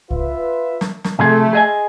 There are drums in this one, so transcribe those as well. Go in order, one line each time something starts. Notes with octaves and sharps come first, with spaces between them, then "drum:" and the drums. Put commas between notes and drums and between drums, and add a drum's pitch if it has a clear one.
F4 B4 E5, drum: kick C2
drum: snare
drum: snare
C3 F3 A3 G#4
G#4 D#5 G#5